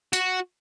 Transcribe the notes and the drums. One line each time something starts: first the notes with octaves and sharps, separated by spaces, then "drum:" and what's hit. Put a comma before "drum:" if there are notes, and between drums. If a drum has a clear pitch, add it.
F#4, drum: hi-hat